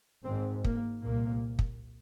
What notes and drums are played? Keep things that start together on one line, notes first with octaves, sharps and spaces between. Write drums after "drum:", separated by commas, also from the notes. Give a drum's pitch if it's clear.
G#1 G#2 C4
A#3, drum: kick
C2 A#2 A#3
drum: kick